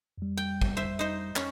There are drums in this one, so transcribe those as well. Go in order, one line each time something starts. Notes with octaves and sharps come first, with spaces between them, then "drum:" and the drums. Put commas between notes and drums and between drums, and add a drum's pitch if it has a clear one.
F2 G3
G5
drum: kick
C5 E5
D#4 C5
C#4, drum: clap